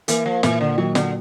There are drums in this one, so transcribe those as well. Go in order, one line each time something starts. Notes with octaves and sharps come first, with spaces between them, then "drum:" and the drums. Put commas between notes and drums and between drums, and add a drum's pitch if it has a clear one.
E3 A#3, drum: hi-hat
F3
A#2 E3, drum: snare
D3
D#3 F#3
D3, drum: snare